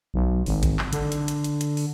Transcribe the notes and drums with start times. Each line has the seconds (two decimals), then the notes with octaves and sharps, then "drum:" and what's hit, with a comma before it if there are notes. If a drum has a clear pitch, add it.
0.14 B1
0.46 G#1, drum: open hi-hat
0.63 drum: kick G1, hi-hat
0.79 drum: clap
0.93 D3, drum: hi-hat
1.12 drum: hi-hat
1.28 drum: hi-hat
1.44 drum: hi-hat
1.61 drum: hi-hat
1.77 drum: open hi-hat